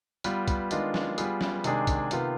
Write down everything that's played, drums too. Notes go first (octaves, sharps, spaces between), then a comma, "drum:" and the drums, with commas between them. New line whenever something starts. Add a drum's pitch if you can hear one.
G3 B3 F4 B4, drum: hi-hat
drum: kick, hi-hat
D#3 G#3 B3 D4 F4, drum: hi-hat
drum: snare
G3 B3 F4 G#4 B4, drum: hi-hat
drum: snare
C3 D#3 G#3 D4 G#4, drum: hi-hat
drum: kick, hi-hat
C3 D#3 B3 F4, drum: hi-hat